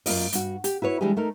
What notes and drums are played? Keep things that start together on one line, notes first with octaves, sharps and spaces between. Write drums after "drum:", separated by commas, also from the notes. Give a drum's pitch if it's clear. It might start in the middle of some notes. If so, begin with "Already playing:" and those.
F#2 A#3 F4 D#5, drum: open hi-hat
G2 F#4, drum: hi-hat
G4, drum: hi-hat
E4 F#4 B4 C#5
E3 G3 G#3 D4 G4 G#4
A3 D#4 A#4